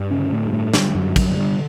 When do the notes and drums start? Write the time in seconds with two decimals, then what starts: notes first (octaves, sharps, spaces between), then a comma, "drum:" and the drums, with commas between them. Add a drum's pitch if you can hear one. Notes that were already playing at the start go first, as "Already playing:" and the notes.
Already playing: G2
0.11 C#3 C#4
0.18 D3
0.32 A2 A3
0.46 G2
0.53 A2 A3
0.74 G2 D3 G3, drum: snare
0.90 G3
0.95 F#2 F#3
1.02 G2
1.16 F#2 F#3, drum: kick, cymbal
1.30 D3
1.36 G2 G3